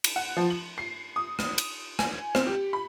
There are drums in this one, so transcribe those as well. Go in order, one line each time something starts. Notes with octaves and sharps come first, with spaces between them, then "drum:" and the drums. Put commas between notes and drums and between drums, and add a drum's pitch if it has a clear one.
drum: cymbal
F#5
F3
F#7
C7
D#6
drum: rim click
drum: cymbal
G#5, drum: rim click
C4, drum: rim click
G4
B5